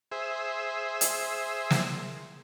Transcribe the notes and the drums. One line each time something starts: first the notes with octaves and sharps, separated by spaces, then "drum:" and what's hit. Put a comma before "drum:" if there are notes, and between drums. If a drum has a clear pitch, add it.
G#4 C5 E5
drum: hi-hat
drum: snare